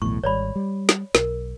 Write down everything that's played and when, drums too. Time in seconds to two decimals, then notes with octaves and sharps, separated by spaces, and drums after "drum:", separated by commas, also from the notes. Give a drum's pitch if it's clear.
0.02 B1 E2 A2 C#6
0.24 G#1 G3 C#5 D5 B5
0.56 G3
0.89 drum: snare
1.15 B1 A#4, drum: snare